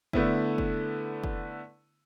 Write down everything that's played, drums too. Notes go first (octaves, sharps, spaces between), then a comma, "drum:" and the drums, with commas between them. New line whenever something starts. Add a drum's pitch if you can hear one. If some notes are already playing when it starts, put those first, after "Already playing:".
D3 A3 B3 E4, drum: kick
drum: kick
drum: kick